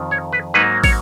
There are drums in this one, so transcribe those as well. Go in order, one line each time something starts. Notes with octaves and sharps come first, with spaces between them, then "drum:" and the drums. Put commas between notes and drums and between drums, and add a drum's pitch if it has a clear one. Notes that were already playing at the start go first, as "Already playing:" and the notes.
Already playing: F2 D#3 F4
C#5
B4
G#2 F#3 A#3 D#4 B4
C#5, drum: kick, open hi-hat